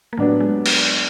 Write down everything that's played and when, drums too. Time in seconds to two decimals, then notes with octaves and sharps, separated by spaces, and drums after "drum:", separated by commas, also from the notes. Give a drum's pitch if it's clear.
0.13 A#3
0.17 A2 F#3 A3 B3 D4 G4 B4
0.40 G#3
0.66 drum: cymbal